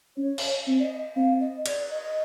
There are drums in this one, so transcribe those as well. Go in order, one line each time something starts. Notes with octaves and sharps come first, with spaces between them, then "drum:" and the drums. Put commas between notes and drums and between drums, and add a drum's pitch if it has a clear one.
C#4 C#5
drum: cymbal
C4
D5
D#5
C4 F5
D#5
D5, drum: cymbal
D#5